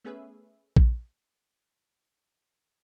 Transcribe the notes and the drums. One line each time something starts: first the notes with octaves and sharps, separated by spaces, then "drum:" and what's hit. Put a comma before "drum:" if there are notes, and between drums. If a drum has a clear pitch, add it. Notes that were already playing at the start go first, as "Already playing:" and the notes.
A3 B3 C#4 G#4 B4 E5
drum: kick A#1